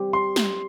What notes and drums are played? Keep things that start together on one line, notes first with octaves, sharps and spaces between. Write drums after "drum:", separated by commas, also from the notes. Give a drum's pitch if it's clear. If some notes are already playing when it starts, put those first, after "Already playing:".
Already playing: G3 C4 G4
C6
drum: snare